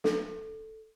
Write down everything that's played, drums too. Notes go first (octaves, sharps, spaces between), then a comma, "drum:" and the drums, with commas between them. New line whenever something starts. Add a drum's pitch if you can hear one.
A4, drum: snare